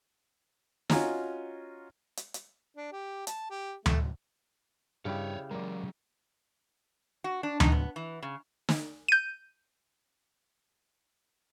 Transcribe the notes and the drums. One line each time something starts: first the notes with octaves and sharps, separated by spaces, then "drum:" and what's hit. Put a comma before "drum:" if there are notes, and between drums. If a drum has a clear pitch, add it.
C#4 F4 F#4 D#5 G#5 A#5, drum: snare
drum: hi-hat
drum: hi-hat
D4
G4
A5, drum: hi-hat
G4
A3, drum: tom D2
G2 C#3 E4 G4 C#5 D5
F#3 G#3 A#4 D5
F#4
D4
D#4, drum: tom D2
B3
E3
C#3
drum: snare
G6 D#7